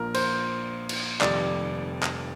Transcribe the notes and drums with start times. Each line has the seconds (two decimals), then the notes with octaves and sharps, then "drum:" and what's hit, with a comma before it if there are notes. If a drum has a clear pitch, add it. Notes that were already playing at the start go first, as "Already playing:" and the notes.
Already playing: A#1 A#2 F3 A#3 A#4
0.14 C5, drum: cymbal
0.89 drum: cymbal
1.21 F1 F2 D#3 G3 D5, drum: clap
2.03 drum: clap